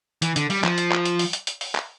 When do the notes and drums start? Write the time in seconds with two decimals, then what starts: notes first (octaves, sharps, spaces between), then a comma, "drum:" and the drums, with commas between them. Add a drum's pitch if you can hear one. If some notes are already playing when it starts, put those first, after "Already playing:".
0.22 E3, drum: hi-hat
0.36 D3, drum: hi-hat
0.50 G3, drum: open hi-hat
0.64 F3, drum: clap
0.78 drum: hi-hat
0.92 drum: clap
1.05 drum: hi-hat
1.19 drum: open hi-hat
1.33 drum: hi-hat
1.47 drum: hi-hat
1.61 drum: open hi-hat
1.75 drum: clap